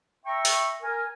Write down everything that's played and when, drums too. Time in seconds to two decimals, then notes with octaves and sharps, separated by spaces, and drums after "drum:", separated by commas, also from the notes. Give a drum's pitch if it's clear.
0.25 E5 G5 A#5 C#6
0.45 drum: open hi-hat
0.82 A#4 G#5